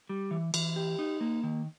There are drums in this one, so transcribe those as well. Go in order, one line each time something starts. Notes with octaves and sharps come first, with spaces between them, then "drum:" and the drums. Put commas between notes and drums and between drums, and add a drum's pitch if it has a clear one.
G3
E3
E3, drum: cymbal
G4
D#4
A#3
D#3